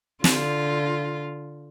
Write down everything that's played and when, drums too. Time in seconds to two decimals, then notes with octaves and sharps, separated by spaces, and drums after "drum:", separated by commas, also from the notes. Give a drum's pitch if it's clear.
0.24 D3 F4, drum: snare